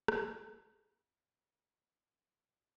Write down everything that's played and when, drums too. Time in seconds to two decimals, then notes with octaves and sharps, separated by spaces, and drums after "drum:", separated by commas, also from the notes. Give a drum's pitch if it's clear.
0.08 F2 F3 C4 G#4, drum: rim click